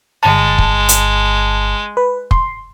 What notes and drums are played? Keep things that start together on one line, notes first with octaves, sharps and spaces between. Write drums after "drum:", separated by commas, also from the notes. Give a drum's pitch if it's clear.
G1 G#3 A5
drum: kick
drum: hi-hat
B4
C6, drum: kick